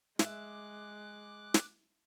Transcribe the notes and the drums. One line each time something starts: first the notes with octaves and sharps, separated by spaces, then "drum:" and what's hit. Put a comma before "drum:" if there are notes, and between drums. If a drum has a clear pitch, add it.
G#3 E5 D6 F#6, drum: snare
drum: snare